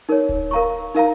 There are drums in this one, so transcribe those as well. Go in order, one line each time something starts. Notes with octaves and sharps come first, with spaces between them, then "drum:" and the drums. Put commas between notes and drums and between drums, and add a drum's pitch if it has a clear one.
D#4 A#4 C#5
drum: kick D1
A#4 F5 A#5 C#6
D#4 A#4 F5 A#5, drum: hi-hat